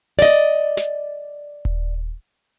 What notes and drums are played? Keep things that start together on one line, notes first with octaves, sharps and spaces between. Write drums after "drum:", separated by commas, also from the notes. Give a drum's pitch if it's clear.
D5 D#5, drum: snare
drum: snare
drum: kick D#1